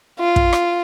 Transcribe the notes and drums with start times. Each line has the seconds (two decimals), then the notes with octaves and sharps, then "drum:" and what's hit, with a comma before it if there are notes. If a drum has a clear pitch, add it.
0.19 F4
0.36 drum: kick
0.53 drum: rim click